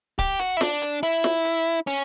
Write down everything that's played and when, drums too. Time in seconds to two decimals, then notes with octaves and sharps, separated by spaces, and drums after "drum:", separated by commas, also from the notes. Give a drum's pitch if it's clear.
0.19 G4, drum: kick C#1, hi-hat
0.39 F#4, drum: hi-hat
0.57 E4
0.61 D4, drum: snare
0.82 drum: hi-hat
1.03 E4, drum: hi-hat
1.24 drum: snare
1.45 drum: hi-hat
1.87 C#4, drum: hi-hat